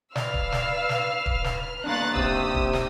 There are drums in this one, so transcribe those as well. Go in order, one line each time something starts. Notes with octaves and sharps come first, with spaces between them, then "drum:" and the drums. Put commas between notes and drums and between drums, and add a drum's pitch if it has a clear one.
B4 D5 F5 E6 F6, drum: snare
drum: kick D1
drum: snare
drum: snare
drum: kick D1
drum: snare
A#2 D#3 B3 D4 F5 A#5 F#6 A6
C3 G4 D#6 E6, drum: kick D1
drum: kick D1
drum: snare